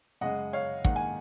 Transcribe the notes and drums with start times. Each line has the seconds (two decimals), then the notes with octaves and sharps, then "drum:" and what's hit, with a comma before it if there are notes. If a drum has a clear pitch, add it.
0.21 F#2 C#3 G#3 D#5 F#5
0.53 C#5 F5
0.85 G#2 D#3 A#3 D#4 F#5, drum: kick
0.96 G#5